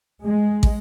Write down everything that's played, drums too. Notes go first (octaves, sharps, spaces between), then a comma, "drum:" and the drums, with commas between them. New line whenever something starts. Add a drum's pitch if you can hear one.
G#3
drum: kick